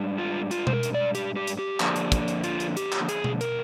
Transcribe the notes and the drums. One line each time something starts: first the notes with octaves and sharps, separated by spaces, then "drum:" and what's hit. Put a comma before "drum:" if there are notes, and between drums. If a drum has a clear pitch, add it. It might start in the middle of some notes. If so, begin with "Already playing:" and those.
Already playing: G#2 G3 D4
F4
F4, drum: hi-hat
C5, drum: tom B2
A#4
drum: hi-hat
D5
G4, drum: hi-hat
G4
drum: hi-hat
G4
D3 F3 A#3 D4, drum: clap
drum: hi-hat
drum: kick, hi-hat
drum: hi-hat
F4, drum: hi-hat
drum: hi-hat
G4, drum: hi-hat
drum: clap
G#4, drum: hi-hat
drum: tom B2
A#4, drum: hi-hat